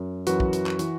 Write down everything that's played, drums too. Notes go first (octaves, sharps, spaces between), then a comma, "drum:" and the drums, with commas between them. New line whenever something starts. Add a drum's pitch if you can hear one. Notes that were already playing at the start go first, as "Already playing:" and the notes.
Already playing: F#2
F#2 E3 F#4 B4, drum: hi-hat
drum: kick
drum: hi-hat
drum: clap
E3, drum: hi-hat